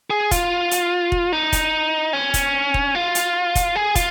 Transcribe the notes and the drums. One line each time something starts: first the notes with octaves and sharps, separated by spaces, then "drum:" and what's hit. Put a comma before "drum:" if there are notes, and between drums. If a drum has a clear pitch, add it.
G#4
F4, drum: kick, hi-hat
drum: hi-hat
drum: kick
D#4
drum: kick, hi-hat
C#4
drum: kick, hi-hat
drum: kick
F4
drum: hi-hat
drum: kick, hi-hat
G#4
F4, drum: kick, hi-hat